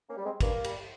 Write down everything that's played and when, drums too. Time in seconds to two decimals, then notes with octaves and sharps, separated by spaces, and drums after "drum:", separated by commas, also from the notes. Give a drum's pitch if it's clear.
0.09 A#3 C#4
0.17 G3
0.25 G#3 C4
0.40 G2 A#3, drum: kick, cymbal
0.64 G3, drum: cymbal